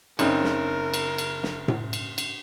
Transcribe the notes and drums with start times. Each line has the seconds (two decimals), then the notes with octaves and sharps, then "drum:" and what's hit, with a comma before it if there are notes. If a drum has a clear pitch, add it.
0.19 F#1 C#3 C4 D4 D#4 A#4 G5, drum: cymbal
0.44 drum: snare
0.94 drum: cymbal
1.18 drum: cymbal
1.43 drum: snare
1.68 drum: tom A2
1.93 drum: cymbal
2.18 drum: cymbal